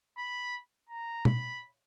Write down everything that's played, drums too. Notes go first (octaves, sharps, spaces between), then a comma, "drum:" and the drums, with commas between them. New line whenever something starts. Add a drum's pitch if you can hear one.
B5
A#5
B5, drum: tom B2